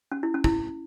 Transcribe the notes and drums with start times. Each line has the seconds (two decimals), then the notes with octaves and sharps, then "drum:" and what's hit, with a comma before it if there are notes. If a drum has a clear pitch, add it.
0.12 C#4
0.23 E4
0.34 C#4
0.44 E4, drum: kick